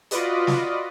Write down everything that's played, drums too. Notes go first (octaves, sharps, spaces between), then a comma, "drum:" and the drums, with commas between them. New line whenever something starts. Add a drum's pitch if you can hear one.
F4 F#4 B4 D5 D#5, drum: hi-hat
drum: snare